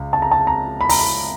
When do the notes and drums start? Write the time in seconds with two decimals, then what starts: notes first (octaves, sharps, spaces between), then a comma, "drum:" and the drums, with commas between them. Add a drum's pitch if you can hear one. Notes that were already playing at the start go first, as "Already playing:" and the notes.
Already playing: C#2
0.13 A5
0.22 A#5
0.32 A5
0.47 A#5
0.81 B5
0.89 A#5, drum: open hi-hat
0.99 B5